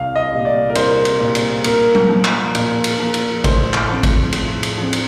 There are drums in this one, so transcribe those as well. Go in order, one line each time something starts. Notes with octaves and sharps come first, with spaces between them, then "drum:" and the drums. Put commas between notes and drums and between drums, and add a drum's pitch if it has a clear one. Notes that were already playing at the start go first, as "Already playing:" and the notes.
Already playing: C2 F5
D#5
A#2 G3
D5
A#4
C2 C5, drum: cymbal
drum: cymbal
A#2 G3
drum: cymbal
A#2 A#4, drum: cymbal
drum: tom F#3
F3 A#3
drum: clap
A#2, drum: cymbal
drum: cymbal
F3 A#3
drum: cymbal
A2 C5, drum: kick G#1, cymbal
drum: clap
F3 C4
drum: kick G#1, cymbal
A2, drum: cymbal
drum: cymbal
F3 C4
drum: cymbal